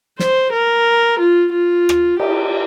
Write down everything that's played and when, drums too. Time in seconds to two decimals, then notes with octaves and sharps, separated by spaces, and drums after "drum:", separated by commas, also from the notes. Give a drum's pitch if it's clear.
0.19 C5, drum: snare
0.52 A#4
1.20 F4
1.52 F4
1.89 drum: rim click
2.20 G4, drum: cymbal